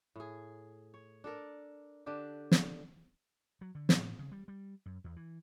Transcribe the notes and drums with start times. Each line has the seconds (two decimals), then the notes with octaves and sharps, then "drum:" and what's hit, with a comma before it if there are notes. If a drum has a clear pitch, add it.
0.16 A2 G#4
0.94 C#5
1.24 D4 A4 A#4
2.06 D3 D4 G4
2.51 drum: snare
3.61 F#3
3.75 D3
3.89 A2, drum: snare
4.19 C#3
4.32 G3
4.48 G3
4.86 F#2
5.04 E2
5.16 E3